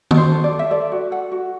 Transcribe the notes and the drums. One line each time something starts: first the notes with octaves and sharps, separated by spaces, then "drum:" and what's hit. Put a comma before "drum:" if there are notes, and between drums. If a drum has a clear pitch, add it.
F#4, drum: tom D#3
C5
A4
D5
A4
E5
A4 D5
F#4
A4 F#5
F#4